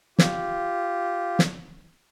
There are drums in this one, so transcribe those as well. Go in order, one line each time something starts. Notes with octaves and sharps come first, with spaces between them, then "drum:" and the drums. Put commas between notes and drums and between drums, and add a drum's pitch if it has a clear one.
F4 G4, drum: snare
drum: snare